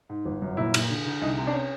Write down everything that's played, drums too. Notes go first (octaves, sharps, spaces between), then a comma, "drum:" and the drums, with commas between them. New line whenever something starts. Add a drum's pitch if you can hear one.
G#2
G1
F#2
A#2 E4
A#2, drum: cymbal
D3
D3
C2 D#4
C3
D4
C#4